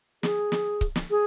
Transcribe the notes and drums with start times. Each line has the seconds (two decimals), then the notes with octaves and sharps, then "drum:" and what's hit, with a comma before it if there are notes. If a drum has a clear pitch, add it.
0.23 G#4, drum: snare
0.52 drum: snare
0.81 drum: kick C#1
0.96 drum: snare
1.10 G#4